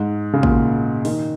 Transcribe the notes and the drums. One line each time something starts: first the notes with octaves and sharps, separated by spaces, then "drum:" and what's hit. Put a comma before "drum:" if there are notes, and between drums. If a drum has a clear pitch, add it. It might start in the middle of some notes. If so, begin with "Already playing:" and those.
Already playing: G#2
C#3
A#2, drum: kick A1
D#3, drum: open hi-hat